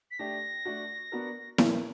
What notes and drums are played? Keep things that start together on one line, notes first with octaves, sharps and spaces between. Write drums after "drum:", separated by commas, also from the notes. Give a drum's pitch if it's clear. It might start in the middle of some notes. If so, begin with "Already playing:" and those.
B6
A3 D4 G4 A#6
A3 D4 F#4
B3 D4 F#4 A#4
A#2 F3 A#3 C#4 E4, drum: snare E4